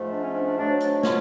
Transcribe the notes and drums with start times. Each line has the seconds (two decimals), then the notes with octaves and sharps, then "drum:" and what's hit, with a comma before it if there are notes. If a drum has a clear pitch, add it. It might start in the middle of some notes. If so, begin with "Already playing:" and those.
Already playing: G#2 F3 A3
0.11 D4
0.23 C#4
0.34 D4
0.46 D4
0.57 G#2 F#3 A3 D4
0.80 D4, drum: hi-hat
0.93 D4
1.03 C#4 F4, drum: snare